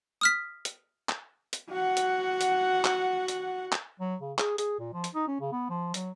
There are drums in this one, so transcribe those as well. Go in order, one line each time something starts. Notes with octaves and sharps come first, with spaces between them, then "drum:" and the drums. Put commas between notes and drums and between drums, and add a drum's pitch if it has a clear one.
D#6 F6 B6
drum: hi-hat
drum: clap
drum: hi-hat
F#4 F#5
drum: hi-hat
drum: hi-hat
drum: clap
drum: hi-hat
drum: clap
F#3
C#3
G#4, drum: clap
G#4, drum: hi-hat
A#2
F3
drum: hi-hat
D#4
C#4
C#3
B3
F3
F#3, drum: hi-hat